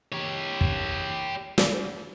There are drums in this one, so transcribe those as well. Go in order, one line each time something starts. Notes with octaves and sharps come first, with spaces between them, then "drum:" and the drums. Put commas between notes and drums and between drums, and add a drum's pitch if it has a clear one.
G4 C#5
drum: kick
drum: snare